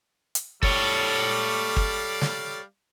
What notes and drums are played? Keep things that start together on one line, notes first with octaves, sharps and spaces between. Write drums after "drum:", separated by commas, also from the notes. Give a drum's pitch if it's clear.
drum: hi-hat
G3 A4 C#5 D5 F5, drum: kick
drum: kick
drum: snare